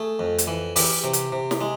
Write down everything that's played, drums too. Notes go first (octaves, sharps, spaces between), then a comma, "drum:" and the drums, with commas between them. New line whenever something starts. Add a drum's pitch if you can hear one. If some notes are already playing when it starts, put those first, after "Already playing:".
Already playing: A3 G#4
F2
drum: hi-hat
E3
E3 G4, drum: open hi-hat
C3
drum: hi-hat
C3
drum: snare
G#3